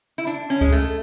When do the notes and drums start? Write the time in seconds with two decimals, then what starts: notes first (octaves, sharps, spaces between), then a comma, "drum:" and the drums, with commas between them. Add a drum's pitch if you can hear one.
0.18 E4
0.27 D4
0.50 C#4
0.61 G#3, drum: kick C#2
0.72 A3